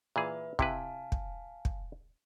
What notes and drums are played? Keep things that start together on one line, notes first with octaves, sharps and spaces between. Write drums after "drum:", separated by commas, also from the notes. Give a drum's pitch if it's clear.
A#2 E3 G#4 B4 E5
C3 E4 B4 F5 G#5 A5, drum: kick
drum: kick
drum: kick